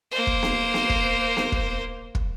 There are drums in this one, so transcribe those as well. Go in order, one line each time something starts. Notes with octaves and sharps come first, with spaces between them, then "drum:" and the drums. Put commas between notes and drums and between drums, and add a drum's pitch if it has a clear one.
A#3 C5
drum: kick
drum: snare B3
drum: snare B3
drum: kick
drum: snare B3
drum: kick
drum: kick